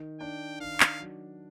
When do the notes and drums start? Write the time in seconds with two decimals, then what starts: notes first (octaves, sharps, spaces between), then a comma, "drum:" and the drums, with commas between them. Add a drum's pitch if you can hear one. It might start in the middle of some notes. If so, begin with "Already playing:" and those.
Already playing: D#3
0.20 D4 G5
0.60 D#3 F5
0.80 drum: clap
1.00 F#3